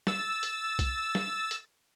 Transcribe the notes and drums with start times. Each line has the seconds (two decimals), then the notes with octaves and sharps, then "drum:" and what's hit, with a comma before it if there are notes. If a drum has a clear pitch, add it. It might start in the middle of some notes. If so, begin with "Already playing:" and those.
0.07 E6 A6, drum: snare
0.43 drum: hi-hat
0.79 drum: kick B1, hi-hat
1.15 drum: snare
1.51 drum: hi-hat